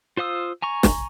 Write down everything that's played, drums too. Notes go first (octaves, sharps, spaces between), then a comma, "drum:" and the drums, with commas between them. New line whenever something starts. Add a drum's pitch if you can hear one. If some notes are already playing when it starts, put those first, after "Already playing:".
F4 C5 F5 D#6 E6
G#5 A#5 C#6
drum: snare